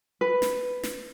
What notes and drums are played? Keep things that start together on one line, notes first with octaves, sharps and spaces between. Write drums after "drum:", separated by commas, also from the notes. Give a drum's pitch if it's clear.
B4
drum: snare
drum: snare